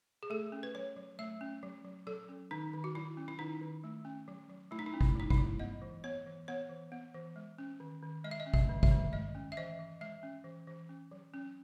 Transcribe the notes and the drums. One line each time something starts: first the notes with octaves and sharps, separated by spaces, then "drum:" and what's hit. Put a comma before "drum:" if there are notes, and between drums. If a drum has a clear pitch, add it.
G#4
A3 A4
C#4
B4
F#3 C#5
F#3
A3 E5
C#4
F#3
F#3
F#3 A4
C#4
D#3 D#4
D#3
F#4
F#3 E4
C#4
E4
D#3 D#4
D#3
A3
C#4
F#3
F#3
A3 E4
D#4
E4
C#4
E4, drum: kick
F#3 D#4
E4, drum: kick
F#3
B3 D#5
E3
B3 C#5
E3
B3 C#5
E3
B3
E3
G#3
C#4
D#3
D#3
G#3 D#5
E5
D#5
C#4
E5, drum: kick
D#3
E5, drum: kick
D#3
G#3 D#5
C#4
E5
E3 D#5
E3
G#3 E5
C#4
E3
E3
C#4
F#3
C#4